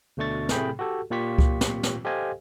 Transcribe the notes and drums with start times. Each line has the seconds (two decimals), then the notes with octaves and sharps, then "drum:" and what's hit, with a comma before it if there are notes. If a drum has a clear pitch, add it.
0.17 D2 B2 A3 D4 C#6 A6
0.49 A2 C3 A3 G#4 G5 B5, drum: snare
0.79 F#4 G4 A4
1.10 A#2 A#3 F4 G4 C#6 B6
1.38 drum: kick C#2
1.61 drum: snare
1.83 drum: snare
2.05 G4 A4 C5 D#5 F5 G#5